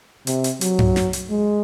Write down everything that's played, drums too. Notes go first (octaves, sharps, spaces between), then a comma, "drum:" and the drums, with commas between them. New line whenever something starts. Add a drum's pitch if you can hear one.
C3, drum: hi-hat
drum: hi-hat
F#3, drum: hi-hat
drum: tom G2
drum: snare
drum: hi-hat
G#3